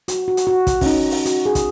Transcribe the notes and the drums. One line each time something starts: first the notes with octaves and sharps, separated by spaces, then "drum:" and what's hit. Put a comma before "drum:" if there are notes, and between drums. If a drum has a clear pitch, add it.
F#4, drum: hi-hat
F#4
drum: hi-hat
F#4
drum: kick, hi-hat
C#4, drum: kick, open hi-hat
D#4
drum: open hi-hat
F#4, drum: hi-hat
G#4
drum: kick, hi-hat